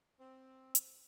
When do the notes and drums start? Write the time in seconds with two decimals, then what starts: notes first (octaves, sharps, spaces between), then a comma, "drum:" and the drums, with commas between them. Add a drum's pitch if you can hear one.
0.20 C4
0.75 drum: hi-hat